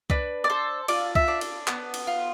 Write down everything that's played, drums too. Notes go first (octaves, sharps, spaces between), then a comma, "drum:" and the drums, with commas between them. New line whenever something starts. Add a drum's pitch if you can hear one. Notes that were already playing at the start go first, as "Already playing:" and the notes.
D4 B4, drum: kick C2
D5
A4 C5
F4 D5, drum: cymbal
E5, drum: kick C2
D4
drum: cymbal
B3, drum: clap
drum: cymbal
F4